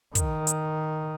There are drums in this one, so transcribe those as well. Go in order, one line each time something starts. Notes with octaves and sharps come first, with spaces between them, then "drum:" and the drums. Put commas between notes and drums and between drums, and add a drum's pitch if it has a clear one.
D#3, drum: kick, hi-hat
drum: hi-hat